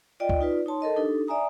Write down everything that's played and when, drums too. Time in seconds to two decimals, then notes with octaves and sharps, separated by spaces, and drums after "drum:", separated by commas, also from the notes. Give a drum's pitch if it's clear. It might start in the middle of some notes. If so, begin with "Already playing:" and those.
0.20 F4 D5 D#5 G5
0.29 drum: kick C#2
0.41 D#4 F4 B4 D5
0.66 D#4 C#5 A5 C6
0.81 A4 A#4 D#5 A5
0.97 D4 D#4 G4 A4
1.28 D5 E5 G#5 A#5 D#6